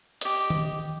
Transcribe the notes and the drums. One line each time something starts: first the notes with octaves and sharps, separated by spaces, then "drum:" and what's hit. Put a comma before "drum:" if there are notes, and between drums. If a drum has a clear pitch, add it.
G4 D#5, drum: hi-hat
drum: tom D#3